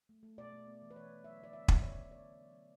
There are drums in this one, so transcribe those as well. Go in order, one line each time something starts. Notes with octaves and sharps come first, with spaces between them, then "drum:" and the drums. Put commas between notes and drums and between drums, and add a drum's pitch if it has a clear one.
A3
A3
B2 D5
A3
B3
E3
B4
E3 C#5
B3
F#3 E5
D3 D5
B3 E5
B3, drum: kick
D3 C#5
D3
D3 D5
D3
F#3
F#3